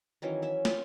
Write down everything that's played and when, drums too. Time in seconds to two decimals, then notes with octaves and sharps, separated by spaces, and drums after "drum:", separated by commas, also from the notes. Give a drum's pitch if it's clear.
0.22 D#3 E3 F#3 C#4
0.42 C#4 E5
0.65 F4, drum: snare